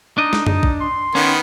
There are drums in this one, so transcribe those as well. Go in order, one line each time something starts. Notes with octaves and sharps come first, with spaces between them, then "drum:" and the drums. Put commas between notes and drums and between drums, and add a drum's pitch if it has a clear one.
D4 D#4 D#5
drum: snare
D#4, drum: tom F#2
drum: kick
C6
D#3 B3 C#4